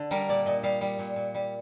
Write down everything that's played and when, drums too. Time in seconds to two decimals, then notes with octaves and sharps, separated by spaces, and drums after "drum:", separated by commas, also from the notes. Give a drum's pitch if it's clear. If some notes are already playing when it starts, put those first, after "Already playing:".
Already playing: D3
0.11 G3 A#4, drum: tambourine
0.29 A#2 D5
0.46 A#2 D#5
0.63 G3 F5
0.81 G3, drum: tambourine
0.99 A#2
1.16 A#2
1.35 G3